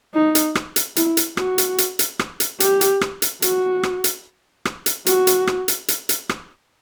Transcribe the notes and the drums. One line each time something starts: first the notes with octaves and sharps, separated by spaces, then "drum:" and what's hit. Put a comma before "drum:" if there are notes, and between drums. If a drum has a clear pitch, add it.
D#4
drum: hi-hat
drum: rim click
drum: hi-hat
E4, drum: hi-hat
drum: hi-hat
F#4, drum: rim click
drum: hi-hat
drum: hi-hat
drum: hi-hat
drum: rim click
drum: hi-hat
G4, drum: hi-hat
drum: hi-hat
drum: rim click
drum: hi-hat
F#4, drum: hi-hat
drum: rim click
drum: hi-hat
drum: rim click
drum: hi-hat
F#4, drum: hi-hat
drum: hi-hat
drum: rim click
drum: hi-hat
drum: hi-hat
drum: hi-hat
drum: rim click